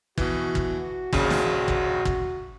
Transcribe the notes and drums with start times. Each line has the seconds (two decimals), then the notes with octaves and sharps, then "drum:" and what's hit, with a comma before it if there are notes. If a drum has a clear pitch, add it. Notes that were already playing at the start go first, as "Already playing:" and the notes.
0.18 B2 E3 F#4, drum: kick
0.55 drum: kick
1.13 A#1 D#2 C#3, drum: kick
1.30 drum: snare
1.68 drum: kick
2.05 drum: kick